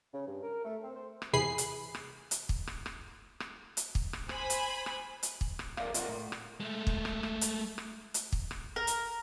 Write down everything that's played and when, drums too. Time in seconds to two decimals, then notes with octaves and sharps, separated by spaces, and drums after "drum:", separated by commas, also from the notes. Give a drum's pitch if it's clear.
0.13 C#3
0.27 G2
0.43 A#4
0.64 A3
0.82 C4
0.95 C5
1.22 drum: rim click
1.33 E2 C3 G#4 B5 C7
1.58 drum: hi-hat
1.95 drum: rim click
2.31 drum: hi-hat
2.49 drum: kick
2.67 drum: rim click
2.86 drum: rim click
3.40 drum: rim click
3.77 drum: hi-hat
3.95 drum: kick
4.13 drum: rim click
4.29 C5 G#5 B5, drum: rim click
4.50 drum: hi-hat
4.86 drum: rim click
5.23 drum: hi-hat
5.41 drum: kick
5.59 drum: rim click
5.77 A#4 D5 E5 F5, drum: rim click
5.94 F4 A#4 D5 E5 F#5, drum: hi-hat
6.08 A2
6.32 drum: rim click
6.60 G#3 A3
6.87 drum: kick
7.05 drum: rim click
7.23 drum: rim click
7.41 drum: hi-hat
7.78 drum: rim click
8.14 drum: hi-hat
8.32 drum: kick
8.51 drum: rim click
8.76 A#4
8.87 drum: hi-hat